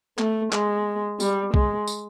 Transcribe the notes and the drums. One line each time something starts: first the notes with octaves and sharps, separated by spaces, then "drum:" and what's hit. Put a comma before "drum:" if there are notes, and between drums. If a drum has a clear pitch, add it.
A3, drum: clap
G#3, drum: clap
G3, drum: tambourine
G#3, drum: kick
drum: tambourine